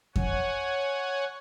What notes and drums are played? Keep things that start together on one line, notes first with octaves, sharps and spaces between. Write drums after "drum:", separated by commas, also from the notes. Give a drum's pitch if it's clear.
C#5 F#5 G#5, drum: kick F2